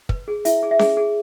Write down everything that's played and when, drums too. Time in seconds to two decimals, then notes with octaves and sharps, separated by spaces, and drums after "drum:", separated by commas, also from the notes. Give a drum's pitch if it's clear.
0.09 B4, drum: kick
0.28 G#4
0.45 E4 E5, drum: hi-hat
0.63 G#4
0.71 E5
0.79 G#4, drum: snare C#4
0.97 G#4